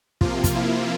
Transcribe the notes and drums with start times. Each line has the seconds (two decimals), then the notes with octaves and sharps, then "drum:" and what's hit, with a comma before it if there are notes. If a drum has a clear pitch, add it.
0.21 C3 F3 A#3 F4, drum: kick
0.44 drum: kick, hi-hat
0.55 E4